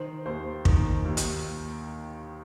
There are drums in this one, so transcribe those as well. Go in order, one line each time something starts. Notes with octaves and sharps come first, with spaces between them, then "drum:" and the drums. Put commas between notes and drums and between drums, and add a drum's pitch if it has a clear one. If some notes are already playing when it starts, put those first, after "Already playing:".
Already playing: D#3 C5
D#2 C5
D#3, drum: kick
D#2
drum: hi-hat